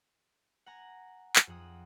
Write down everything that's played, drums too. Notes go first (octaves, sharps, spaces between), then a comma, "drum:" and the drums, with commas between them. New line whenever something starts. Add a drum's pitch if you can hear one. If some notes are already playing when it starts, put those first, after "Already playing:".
F#5 G#5 A#5
drum: clap
F2 G#4 F#5 D#6